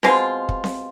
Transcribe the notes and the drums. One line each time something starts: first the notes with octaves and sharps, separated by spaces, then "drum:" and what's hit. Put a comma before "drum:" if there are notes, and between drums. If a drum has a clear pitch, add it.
B2 G#3 C4 F4, drum: snare C4
drum: kick
drum: snare C4